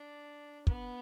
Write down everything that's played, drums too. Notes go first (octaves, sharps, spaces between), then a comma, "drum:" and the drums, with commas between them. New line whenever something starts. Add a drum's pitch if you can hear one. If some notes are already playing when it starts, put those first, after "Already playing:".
Already playing: D4
B3, drum: kick